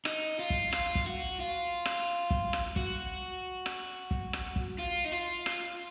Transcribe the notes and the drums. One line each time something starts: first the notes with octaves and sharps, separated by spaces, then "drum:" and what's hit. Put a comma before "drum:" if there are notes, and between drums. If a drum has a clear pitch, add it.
D#4, drum: rim click
F4
drum: kick
F4, drum: rim click
drum: kick
F#4
F4
drum: rim click
drum: kick
drum: rim click
F#4, drum: kick
drum: rim click
drum: kick
drum: rim click
drum: kick
F4
D#4
F4
drum: rim click